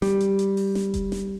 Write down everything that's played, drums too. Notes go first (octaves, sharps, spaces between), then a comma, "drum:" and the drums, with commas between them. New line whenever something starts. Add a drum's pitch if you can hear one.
G3, drum: snare
drum: hi-hat
drum: hi-hat
drum: open hi-hat
drum: snare
drum: kick F1, hi-hat
drum: snare